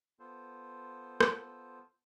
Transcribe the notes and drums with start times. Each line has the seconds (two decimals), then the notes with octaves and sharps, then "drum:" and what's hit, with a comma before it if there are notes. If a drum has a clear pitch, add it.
0.19 B3 F4 A4 C5
1.20 drum: rim click